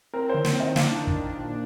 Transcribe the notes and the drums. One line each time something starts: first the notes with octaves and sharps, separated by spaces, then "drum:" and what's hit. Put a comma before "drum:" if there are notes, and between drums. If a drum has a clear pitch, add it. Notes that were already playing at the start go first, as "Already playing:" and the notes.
C4 A#4
D#3 C5
C5, drum: snare
D#3 D#5
D4 F5, drum: snare
D#3
drum: kick
D4
A#2